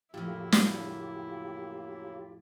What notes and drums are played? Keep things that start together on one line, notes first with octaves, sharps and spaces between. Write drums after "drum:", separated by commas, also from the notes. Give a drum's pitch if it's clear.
F2 A2 C#3 F#3 A#3 E4 F4 G4
drum: snare